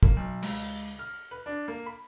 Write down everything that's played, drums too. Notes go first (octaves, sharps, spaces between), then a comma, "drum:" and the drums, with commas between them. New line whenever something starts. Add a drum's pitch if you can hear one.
A#3, drum: kick
B1
C#2, drum: cymbal
F6
B4
D4
A#3
B5